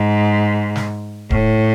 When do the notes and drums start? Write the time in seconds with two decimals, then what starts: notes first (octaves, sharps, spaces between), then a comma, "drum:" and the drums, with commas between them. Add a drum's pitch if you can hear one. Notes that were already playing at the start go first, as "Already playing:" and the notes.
Already playing: G#2
0.76 drum: snare
1.30 A2, drum: kick D1